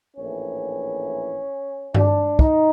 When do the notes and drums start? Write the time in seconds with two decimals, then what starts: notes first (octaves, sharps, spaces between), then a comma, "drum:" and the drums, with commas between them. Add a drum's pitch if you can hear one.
0.17 A#1 A2 E3 C#4
1.94 D4, drum: tom G2
2.39 D#4, drum: kick